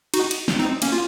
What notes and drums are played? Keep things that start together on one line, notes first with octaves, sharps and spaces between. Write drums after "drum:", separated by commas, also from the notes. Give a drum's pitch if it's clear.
D#4 F#4, drum: cymbal
drum: cymbal
drum: snare
C4 D#4
A#3 C#4, drum: cymbal
F4